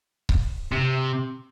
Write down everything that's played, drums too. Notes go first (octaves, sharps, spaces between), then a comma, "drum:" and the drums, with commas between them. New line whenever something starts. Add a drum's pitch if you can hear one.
drum: kick C#1
C3